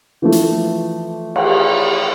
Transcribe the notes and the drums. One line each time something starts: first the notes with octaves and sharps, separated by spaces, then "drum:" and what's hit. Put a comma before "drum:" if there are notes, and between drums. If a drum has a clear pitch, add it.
E3 F3 A3
drum: hi-hat
drum: cymbal